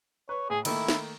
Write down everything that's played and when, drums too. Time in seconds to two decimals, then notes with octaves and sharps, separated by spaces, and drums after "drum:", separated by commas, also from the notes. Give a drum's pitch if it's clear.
0.29 B4 C#5
0.50 A2 G#4
0.65 D#3 A3 A#3 E4, drum: cymbal
0.88 drum: snare